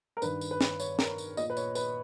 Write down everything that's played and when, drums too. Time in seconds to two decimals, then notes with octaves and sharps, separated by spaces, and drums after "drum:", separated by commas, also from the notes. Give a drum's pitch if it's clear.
0.17 A#4
0.22 G2 D#3 B4, drum: tambourine
0.41 drum: tambourine
0.51 B4
0.61 drum: snare
0.80 C#5, drum: tambourine
0.99 A#4, drum: snare
1.18 drum: tambourine
1.37 A#2 D#5, drum: tambourine
1.50 B4
1.57 C#5, drum: tambourine
1.75 B4, drum: tambourine